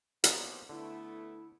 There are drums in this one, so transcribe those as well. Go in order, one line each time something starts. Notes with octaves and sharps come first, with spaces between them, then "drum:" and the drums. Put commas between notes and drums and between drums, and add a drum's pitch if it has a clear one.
C3 F3 F#3 A#3 B3 D#4, drum: hi-hat
D3 A3 B3 E4